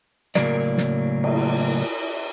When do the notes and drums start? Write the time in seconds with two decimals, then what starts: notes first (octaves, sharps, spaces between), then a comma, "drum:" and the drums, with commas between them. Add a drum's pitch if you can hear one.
0.35 A2 C#3 F#3 A#3 A#4 D5, drum: snare
0.78 drum: snare
1.24 drum: cymbal